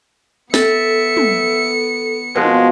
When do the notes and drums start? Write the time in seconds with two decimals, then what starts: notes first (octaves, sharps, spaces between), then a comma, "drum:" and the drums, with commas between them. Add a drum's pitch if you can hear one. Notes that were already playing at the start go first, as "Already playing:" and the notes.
0.54 B3 A4 E5 C#7, drum: snare
1.17 drum: tom
2.36 B2 F3 G#3, drum: tom